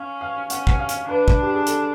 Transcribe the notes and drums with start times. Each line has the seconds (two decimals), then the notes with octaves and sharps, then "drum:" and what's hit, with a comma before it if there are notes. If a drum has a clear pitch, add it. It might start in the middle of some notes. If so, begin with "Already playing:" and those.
Already playing: C#4 F5
0.21 F5
0.50 C#4 F#5, drum: hi-hat
0.67 F#5, drum: kick
0.79 F5
0.89 drum: hi-hat
1.08 D4 B4
1.28 drum: kick
1.42 G4
1.54 G#4
1.67 A4, drum: hi-hat